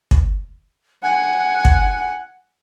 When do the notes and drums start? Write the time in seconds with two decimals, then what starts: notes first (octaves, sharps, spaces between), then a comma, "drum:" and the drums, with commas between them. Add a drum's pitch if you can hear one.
0.11 drum: kick
1.03 F#5 G#5
1.65 drum: kick